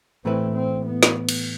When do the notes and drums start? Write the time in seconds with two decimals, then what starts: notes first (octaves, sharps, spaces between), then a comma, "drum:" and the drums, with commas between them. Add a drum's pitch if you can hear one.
0.25 A2 E3 A3 C4 E4 B4
0.55 C4
0.85 B3
1.03 drum: snare
1.29 drum: cymbal